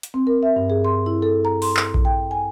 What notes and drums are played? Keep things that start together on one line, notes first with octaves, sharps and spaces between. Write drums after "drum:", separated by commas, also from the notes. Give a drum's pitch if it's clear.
drum: hi-hat
C4
A#4
E5
G2
G#4
C6
E4
A4
A#5
C6, drum: open hi-hat
drum: clap
drum: kick A#1
G5
G#5